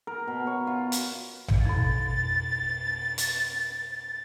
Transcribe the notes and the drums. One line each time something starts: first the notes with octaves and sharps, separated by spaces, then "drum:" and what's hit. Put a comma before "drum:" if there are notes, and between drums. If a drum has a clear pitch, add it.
A#4
B2
C#5
F4
drum: hi-hat
drum: tom A1
F2 B2 A6
drum: hi-hat